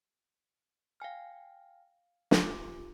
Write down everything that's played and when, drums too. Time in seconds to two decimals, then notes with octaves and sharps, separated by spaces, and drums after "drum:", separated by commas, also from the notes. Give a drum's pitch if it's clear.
1.00 F5 G5 G#5 F6
2.31 F4 G4 G#5 D6, drum: snare